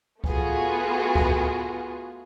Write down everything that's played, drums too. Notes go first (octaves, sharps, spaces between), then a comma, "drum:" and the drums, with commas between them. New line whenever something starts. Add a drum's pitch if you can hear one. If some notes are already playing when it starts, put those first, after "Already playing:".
A3 B3 F4 F#4 G#4, drum: kick C#2
drum: kick C#2